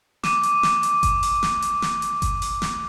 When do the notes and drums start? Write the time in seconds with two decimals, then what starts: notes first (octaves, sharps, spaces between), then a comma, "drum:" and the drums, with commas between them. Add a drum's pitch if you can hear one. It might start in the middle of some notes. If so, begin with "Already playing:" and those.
0.23 D6 D#7, drum: snare
0.43 drum: hi-hat
0.63 drum: snare
0.83 drum: hi-hat
1.03 drum: kick G1, hi-hat
1.23 drum: open hi-hat
1.43 drum: snare
1.62 drum: hi-hat
1.82 drum: snare
2.02 drum: hi-hat
2.22 drum: kick G1, hi-hat
2.42 drum: open hi-hat
2.62 drum: snare